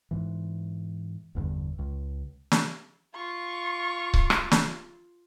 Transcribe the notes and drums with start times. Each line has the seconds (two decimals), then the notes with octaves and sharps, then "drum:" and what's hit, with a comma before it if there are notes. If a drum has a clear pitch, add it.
0.11 G#2 E3
1.35 G1 E2 G2 D3
1.79 C#2
2.51 drum: snare
3.15 F4 C#6
4.14 drum: kick C#1
4.30 drum: rim click
4.51 drum: snare